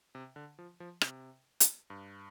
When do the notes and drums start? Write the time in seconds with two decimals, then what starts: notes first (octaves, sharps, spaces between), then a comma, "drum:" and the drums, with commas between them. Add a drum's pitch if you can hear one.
0.15 C3
0.36 D3
0.59 F3
0.80 F3
1.01 C3, drum: rim click
1.60 drum: hi-hat
1.90 G2